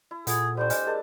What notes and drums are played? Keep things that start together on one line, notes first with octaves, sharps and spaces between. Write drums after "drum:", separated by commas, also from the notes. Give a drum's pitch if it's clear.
E4
A#2 F4 G#4 A4 F#5, drum: hi-hat
G3 A3 D4 C5
D#5 G#5 F6, drum: hi-hat
G#4 A#4 D#5 A5